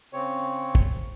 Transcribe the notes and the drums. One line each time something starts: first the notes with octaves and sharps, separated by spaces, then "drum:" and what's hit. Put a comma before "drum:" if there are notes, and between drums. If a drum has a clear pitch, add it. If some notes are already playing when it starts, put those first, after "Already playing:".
C#3 C4 C#5
drum: kick